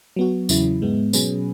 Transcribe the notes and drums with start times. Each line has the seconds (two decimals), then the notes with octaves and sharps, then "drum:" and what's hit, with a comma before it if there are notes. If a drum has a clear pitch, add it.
0.16 F#3 B3 F#4
0.49 E2 C#3 F#3 E4, drum: tambourine
0.82 G#2 G#3 B3
1.13 B2 F#3 C#4 G#4 B4, drum: tambourine